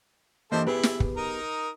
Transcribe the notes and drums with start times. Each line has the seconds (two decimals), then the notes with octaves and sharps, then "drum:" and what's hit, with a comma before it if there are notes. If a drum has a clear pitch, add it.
0.52 E3 A#3 D4 G4 A4 C5 D#5 E5
0.67 B3 E4 G4 G#4 B4
0.83 drum: snare
1.00 drum: kick
1.17 D#4 A#4 D#6